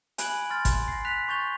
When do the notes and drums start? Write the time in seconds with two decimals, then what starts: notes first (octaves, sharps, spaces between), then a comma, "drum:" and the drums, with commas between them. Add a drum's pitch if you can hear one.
0.18 G#5 B5 F#6 G#6 D7 F#7, drum: hi-hat
0.50 C6 F6 A6
0.65 drum: kick, hi-hat
0.88 A#6 C7
1.05 F#6 B6 F7
1.29 C#6 G6 A6 F7 G7